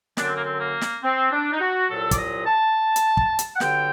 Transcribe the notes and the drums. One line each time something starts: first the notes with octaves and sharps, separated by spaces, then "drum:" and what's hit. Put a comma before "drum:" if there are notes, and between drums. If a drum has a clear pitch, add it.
F#2 D3 F#3 D4, drum: snare
C4
A#3
C4
A#3
drum: snare
C4
D4
D#4
F#4
C2 A#2 F#3 A4
D5, drum: kick, hi-hat
D#5
A5
drum: hi-hat
drum: kick
drum: hi-hat
F#5
G2 D3 F#3 G5, drum: snare